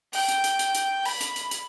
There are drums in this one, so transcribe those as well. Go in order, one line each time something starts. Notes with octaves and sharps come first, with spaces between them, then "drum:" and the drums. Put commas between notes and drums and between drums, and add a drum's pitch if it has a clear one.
G5, drum: open hi-hat
drum: hi-hat
drum: hi-hat
drum: hi-hat
drum: hi-hat
B5, drum: open hi-hat
drum: hi-hat
drum: hi-hat
drum: hi-hat